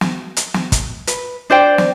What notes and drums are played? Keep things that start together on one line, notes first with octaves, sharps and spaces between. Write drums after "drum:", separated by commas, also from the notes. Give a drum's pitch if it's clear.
drum: snare
drum: hi-hat
drum: snare
drum: kick, hi-hat
B4, drum: hi-hat
D4 C5 D5 G5
drum: snare